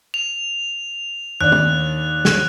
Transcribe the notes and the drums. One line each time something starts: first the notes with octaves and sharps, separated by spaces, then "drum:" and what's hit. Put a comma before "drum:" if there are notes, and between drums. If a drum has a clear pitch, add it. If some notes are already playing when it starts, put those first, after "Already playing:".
F7
D#2 D4 F#6
drum: tom
drum: snare